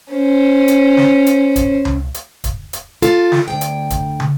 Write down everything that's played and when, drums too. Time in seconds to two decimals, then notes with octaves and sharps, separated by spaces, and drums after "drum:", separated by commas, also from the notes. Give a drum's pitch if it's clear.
0.11 C#4 C5
0.68 drum: hi-hat
0.97 drum: snare
1.26 drum: hi-hat
1.56 drum: kick, hi-hat
1.85 drum: tom C#2
2.14 drum: hi-hat
2.44 drum: kick, hi-hat
2.73 drum: hi-hat
3.02 F4 A4, drum: hi-hat
3.32 drum: snare
3.48 D2 G5
3.61 drum: hi-hat
3.90 drum: kick, hi-hat
4.20 drum: tom